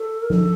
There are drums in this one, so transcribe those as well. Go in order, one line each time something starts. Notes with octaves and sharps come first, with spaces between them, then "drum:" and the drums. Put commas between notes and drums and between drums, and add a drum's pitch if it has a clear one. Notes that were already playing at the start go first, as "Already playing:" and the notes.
Already playing: A4
A#4
A4, drum: tom F3